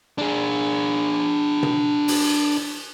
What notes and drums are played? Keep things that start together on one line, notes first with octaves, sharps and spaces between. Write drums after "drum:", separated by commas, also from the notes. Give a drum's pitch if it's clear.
D4 G#4
drum: tom
drum: open hi-hat